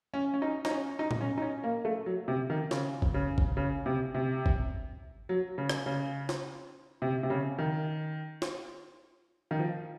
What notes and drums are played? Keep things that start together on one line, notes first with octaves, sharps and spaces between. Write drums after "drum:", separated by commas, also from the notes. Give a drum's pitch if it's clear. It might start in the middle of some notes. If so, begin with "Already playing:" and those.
C#4
C#4
D#4
D#4, drum: snare
C#4
D#4
drum: tom A2
C#4
D#4
C#4
A#3
A3
F#3
C3
D#3
C#3, drum: snare
drum: kick G1
C#3
drum: kick G1
C#3
C3
C3
drum: kick G1
F#3
C#3
drum: rim click
C#3
drum: snare
C3
C3
C#3
D#3
drum: snare
D#3
F3